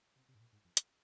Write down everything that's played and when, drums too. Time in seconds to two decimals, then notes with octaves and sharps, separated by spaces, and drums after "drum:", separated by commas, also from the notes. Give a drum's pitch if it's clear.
0.16 C3
0.29 C3
0.35 G#2
0.40 A#2
0.53 G#2
0.65 F2
0.77 drum: hi-hat